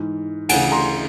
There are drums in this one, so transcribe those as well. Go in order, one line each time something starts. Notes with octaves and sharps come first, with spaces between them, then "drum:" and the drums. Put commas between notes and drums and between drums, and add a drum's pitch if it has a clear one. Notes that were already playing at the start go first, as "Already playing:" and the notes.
Already playing: G#2 E3
D2 C#3 E3 F#5 G#5, drum: cymbal
A#5 C6